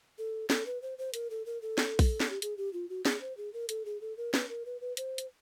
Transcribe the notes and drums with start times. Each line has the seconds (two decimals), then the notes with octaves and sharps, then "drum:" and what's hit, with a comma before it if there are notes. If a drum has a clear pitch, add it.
0.18 A4
0.50 A4, drum: snare
0.66 B4
0.82 C5
0.98 C5
1.14 A#4, drum: hi-hat
1.30 A4
1.46 A#4
1.62 A4
1.78 drum: snare
1.99 drum: kick A#1, open hi-hat
2.20 drum: snare
2.30 G4
2.42 G#4, drum: hi-hat
2.57 G4
2.73 F4
2.89 F#4
3.05 G#4, drum: snare
3.21 C5
3.37 G#4
3.53 A#4
3.69 A4, drum: hi-hat
3.85 G#4
4.01 A4
4.17 A#4
4.34 B4, drum: snare
4.49 A#4
4.66 B4
4.81 B4
4.97 C5, drum: hi-hat
5.18 drum: hi-hat